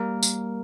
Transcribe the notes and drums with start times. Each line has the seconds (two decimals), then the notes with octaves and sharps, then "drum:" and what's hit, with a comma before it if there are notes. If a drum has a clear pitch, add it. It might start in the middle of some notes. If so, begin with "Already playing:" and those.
Already playing: G3 A#3 A#4
0.23 drum: tambourine